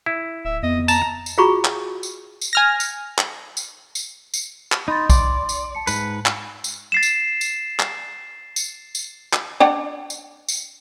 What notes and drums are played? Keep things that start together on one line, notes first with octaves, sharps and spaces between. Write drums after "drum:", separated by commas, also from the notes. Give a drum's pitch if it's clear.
E4
D1 E5
F2 B3 D#5
A5 A#5, drum: tambourine
drum: tambourine
F4 F#4 G#4 A#5 B5 C#6
drum: clap
drum: tambourine
drum: tambourine
G#5 F6 A#6
drum: tambourine
drum: clap
drum: tambourine
drum: tambourine
drum: tambourine
drum: clap
D#4 B5 C6 A6
D5 C6, drum: kick, tambourine
drum: tambourine
A5 C#7
G#2 B4, drum: tambourine
drum: clap
drum: tambourine
A6 C7 E7
drum: tambourine
drum: tambourine
drum: clap
drum: tambourine
drum: tambourine
drum: clap
D4 F#5 G5
drum: tambourine
drum: tambourine